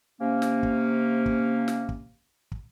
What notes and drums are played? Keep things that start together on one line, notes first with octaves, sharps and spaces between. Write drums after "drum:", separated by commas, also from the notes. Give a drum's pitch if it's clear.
C3 A#3 C#4
drum: snare
drum: kick
drum: kick
drum: snare
drum: kick
drum: kick